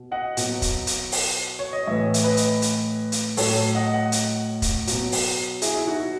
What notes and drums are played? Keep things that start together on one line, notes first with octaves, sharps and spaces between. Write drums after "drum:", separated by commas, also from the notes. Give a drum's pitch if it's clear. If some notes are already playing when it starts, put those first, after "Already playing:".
Already playing: B2
D#5 F#5
B2 F#3, drum: hi-hat
drum: kick, hi-hat
drum: hi-hat
drum: open hi-hat
C#5
D#5
A2 E3 C#5 E5
E5, drum: hi-hat
B4 D#5
drum: hi-hat
drum: hi-hat
drum: hi-hat
A2 F#3 A4 C#5, drum: open hi-hat
D#5 F#5
D#5 F#5
drum: hi-hat
drum: kick, hi-hat
B2 F#3, drum: hi-hat
drum: open hi-hat
E4 G#4, drum: hi-hat
E4
D#4 F#4